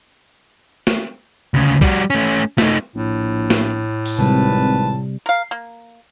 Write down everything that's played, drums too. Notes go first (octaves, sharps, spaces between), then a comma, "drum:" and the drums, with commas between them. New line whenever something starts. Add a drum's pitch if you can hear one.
drum: snare
D2 C#3
G3 F#4, drum: kick B1
A3 C#4
A3 D#4, drum: snare
A#1 A2
drum: snare
drum: open hi-hat
G#1 C3 G3 B4 A5
A#4 F5
A#3